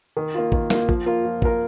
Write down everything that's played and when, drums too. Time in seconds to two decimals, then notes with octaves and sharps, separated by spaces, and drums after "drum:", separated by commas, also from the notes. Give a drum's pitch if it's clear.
0.17 D#3
0.34 A#3 F4
0.52 D#3, drum: kick
0.70 A#3 F4, drum: snare
0.89 F3, drum: kick
1.06 A#3 F4 A#4
1.24 F3
1.42 A#3 F4 A#4, drum: kick